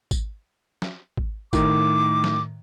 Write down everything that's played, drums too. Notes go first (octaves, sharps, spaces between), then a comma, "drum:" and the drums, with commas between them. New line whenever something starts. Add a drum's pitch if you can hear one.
drum: kick G#1, tambourine
drum: snare
drum: kick G#1
A2 D#3 D6, drum: kick G#1, tambourine
drum: snare